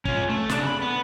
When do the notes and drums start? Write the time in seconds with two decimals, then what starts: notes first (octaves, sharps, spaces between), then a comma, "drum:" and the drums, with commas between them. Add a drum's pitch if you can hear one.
0.05 C#4 F4, drum: kick
0.29 A3
0.49 C#3 D4, drum: snare
0.67 B5
0.82 B3